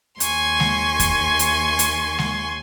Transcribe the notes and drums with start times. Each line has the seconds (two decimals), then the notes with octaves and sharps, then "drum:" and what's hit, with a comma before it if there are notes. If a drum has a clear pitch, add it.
0.20 D#2 G#5 C6 C#6, drum: hi-hat
0.60 drum: snare G#3
1.00 drum: kick E2, hi-hat
1.39 drum: hi-hat
1.79 drum: hi-hat
2.19 drum: snare G#3